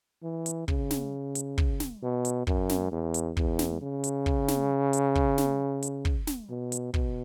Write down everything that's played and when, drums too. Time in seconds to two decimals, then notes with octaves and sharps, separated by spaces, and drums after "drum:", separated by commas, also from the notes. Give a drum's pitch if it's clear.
0.23 E3
0.46 drum: hi-hat
0.68 C#3, drum: kick
0.91 drum: snare
1.35 drum: hi-hat
1.58 drum: kick
1.80 drum: snare
2.03 B2
2.25 drum: hi-hat
2.47 F#2, drum: kick
2.69 drum: snare
2.91 E2
3.14 drum: hi-hat
3.37 E2, drum: kick
3.59 drum: snare
3.82 C#3
4.04 drum: hi-hat
4.26 drum: kick
4.48 drum: snare
4.93 drum: hi-hat
5.15 drum: kick
5.38 drum: snare
5.82 drum: hi-hat
6.05 drum: kick
6.27 drum: snare
6.50 B2
6.72 drum: hi-hat
6.94 B2, drum: kick